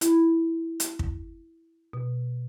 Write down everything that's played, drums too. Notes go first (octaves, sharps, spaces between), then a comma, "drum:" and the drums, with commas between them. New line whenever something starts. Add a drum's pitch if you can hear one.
E4, drum: hi-hat
drum: hi-hat
drum: kick
B2